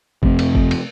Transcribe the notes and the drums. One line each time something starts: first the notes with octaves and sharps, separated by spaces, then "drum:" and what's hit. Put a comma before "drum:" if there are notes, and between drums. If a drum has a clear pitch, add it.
F2 C3 A3 C4, drum: kick G1
drum: cymbal
drum: kick G1
drum: cymbal